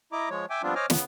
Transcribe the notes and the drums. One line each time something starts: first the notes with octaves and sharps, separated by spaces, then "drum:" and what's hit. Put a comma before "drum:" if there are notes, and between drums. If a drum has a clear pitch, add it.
E4 D#5 A#5 D6
F3 G#3 C#5
E5 G5 G#5 D6
F3 G3 B3 C4 D4 F4
C5 C#5 D#5 G#5 D6 F6
C#3 B3, drum: snare